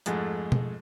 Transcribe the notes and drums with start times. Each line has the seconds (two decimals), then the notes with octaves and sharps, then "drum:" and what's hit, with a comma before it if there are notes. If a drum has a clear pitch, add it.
0.06 F2 G#2 G#3 A3, drum: hi-hat
0.52 drum: tom B2